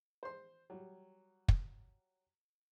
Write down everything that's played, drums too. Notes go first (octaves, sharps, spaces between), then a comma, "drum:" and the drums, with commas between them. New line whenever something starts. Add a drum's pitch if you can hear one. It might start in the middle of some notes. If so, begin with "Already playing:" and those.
C5 C6
F#3 G3
drum: kick